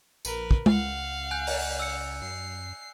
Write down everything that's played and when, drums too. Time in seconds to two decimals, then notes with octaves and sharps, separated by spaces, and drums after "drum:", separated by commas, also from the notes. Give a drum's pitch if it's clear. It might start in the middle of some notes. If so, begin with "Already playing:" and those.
0.25 A#1 A#4 B4, drum: tambourine
0.51 drum: kick
0.66 C#2 F5 F#5, drum: tom G#3
1.31 G#5 F#6 G6
1.47 drum: open hi-hat
1.79 E6 C#7
2.22 F#2 C7